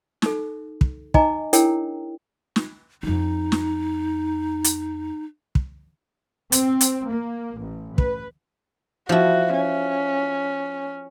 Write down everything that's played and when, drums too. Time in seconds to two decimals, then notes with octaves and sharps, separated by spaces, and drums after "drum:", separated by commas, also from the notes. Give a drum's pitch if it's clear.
0.22 D#4 A4, drum: snare
0.81 drum: kick
1.14 D#4 D#5 G#5 A#5 D6, drum: kick
1.53 D4 E4 G#4 A#4 C#5 G5, drum: hi-hat
2.56 drum: snare
3.03 F2 C#4 D#4
3.52 drum: snare
4.64 drum: hi-hat
5.55 drum: kick
6.52 C4, drum: hi-hat
6.81 drum: hi-hat
7.08 A#3
7.59 A1
7.98 B4, drum: kick
9.09 F3 E4 F#4
9.57 C#4